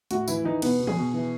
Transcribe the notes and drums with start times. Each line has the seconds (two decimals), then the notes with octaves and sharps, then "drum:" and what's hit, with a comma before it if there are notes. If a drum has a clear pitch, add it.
0.11 A2 F#4, drum: hi-hat
0.28 E3 E4, drum: tambourine
0.44 E3 D#4
0.62 B2 B3, drum: cymbal
0.79 B2
0.87 G#4, drum: tom D#3
0.97 B2
1.14 E3